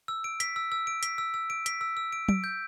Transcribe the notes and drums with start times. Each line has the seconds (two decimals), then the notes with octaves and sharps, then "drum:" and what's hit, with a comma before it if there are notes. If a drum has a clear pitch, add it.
0.08 E6
0.24 D7
0.40 B6, drum: hi-hat
0.56 E6
0.72 E6
0.87 D7
1.03 B6, drum: hi-hat
1.18 E6
1.34 E6
1.50 D7
1.66 B6, drum: hi-hat
1.81 E6
1.97 E6
2.13 D7
2.29 D7, drum: tom F#3
2.44 G6